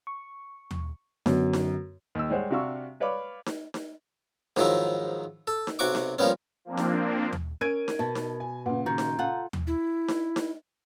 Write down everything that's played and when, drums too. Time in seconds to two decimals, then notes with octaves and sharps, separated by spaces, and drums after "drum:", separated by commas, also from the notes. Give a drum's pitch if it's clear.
0.07 C#6
0.71 drum: tom D#2
1.26 F#2 D3 B3, drum: snare D#4
1.53 drum: snare D#4
2.15 D#2 E6
2.30 G3 G#3 C5 C#5 F#5
2.51 C3 D4 F#4 F5 C#6 E6
3.00 B4 C#5 D5 F5 B5 D6
3.46 drum: snare D#4
3.74 drum: snare D#4
4.56 G#2 D#3 F3 F#3 E4, drum: snare D#4
5.47 A4
5.67 drum: snare D#4
5.79 B1 C3 F#4 F#5 C#6 D6
5.95 drum: snare D#4
6.19 A#2 F3 G3 B3 C#4
6.65 F3 A#3 C4 D4
6.77 drum: snare D#4
7.33 drum: tom D#2
7.61 C#4 A#4 G#6 D7 D#7
7.88 drum: snare D#4
7.99 B2 A5
8.15 drum: snare D#4
8.40 G#5
8.66 A#2 C#3 B4 F#5
8.86 D#3 F#4 A#5 G6
8.98 drum: snare D#4
9.19 F4 A4 F#5
9.53 drum: tom D#2
9.67 E4
10.08 drum: snare D#4
10.36 drum: snare D#4